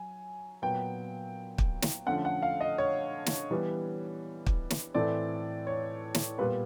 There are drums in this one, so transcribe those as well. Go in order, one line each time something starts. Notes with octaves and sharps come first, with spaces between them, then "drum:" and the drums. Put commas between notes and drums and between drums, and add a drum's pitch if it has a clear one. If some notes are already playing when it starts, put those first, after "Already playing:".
Already playing: F#3 G#5
A#2 F#3 B3 G5
drum: kick
drum: snare
D3 F3 A3 C#4 F#5
F#5
F5
D#5
C#5
drum: snare
E3 G3 B3
drum: kick
drum: snare
A2 E3 A3 C4 D5
C#5
drum: snare
A#2 G3 B3 B4